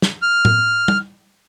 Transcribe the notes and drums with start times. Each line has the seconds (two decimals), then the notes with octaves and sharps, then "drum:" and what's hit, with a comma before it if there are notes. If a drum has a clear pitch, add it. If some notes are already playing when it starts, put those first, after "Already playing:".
0.02 drum: snare
0.22 F6
0.45 drum: tom A2
0.88 drum: tom